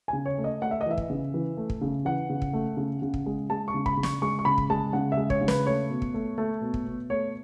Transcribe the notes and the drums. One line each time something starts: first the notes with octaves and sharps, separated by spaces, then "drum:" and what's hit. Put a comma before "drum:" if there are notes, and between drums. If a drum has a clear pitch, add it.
C#3 G#5
C#5
A3
D#5
A3 F#5
E5
D#5
E3 E5
drum: kick
C#3
E3
A3
drum: kick
C#3
E3 F#5
C#3
drum: kick
A3
C#3
C#3
drum: kick
G#3
G#3 A5
C#6
C#3
B5, drum: kick
C#3
C#6, drum: snare
G#3 C#6
C#6
C#3 B5
drum: kick
G#3 A5
C#3 F#5
E5
G#3
C#5, drum: kick
C#3
B4, drum: snare
A3 C#5
B2
drum: kick
A3
A3
B2
drum: kick
B2
A3 C#5